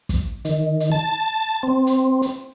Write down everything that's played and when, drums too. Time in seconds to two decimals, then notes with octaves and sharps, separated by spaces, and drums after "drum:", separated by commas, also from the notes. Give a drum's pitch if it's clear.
0.09 drum: kick, hi-hat
0.45 D#3, drum: hi-hat
0.80 drum: hi-hat
0.92 A5
1.63 C4
1.87 drum: hi-hat
2.22 drum: hi-hat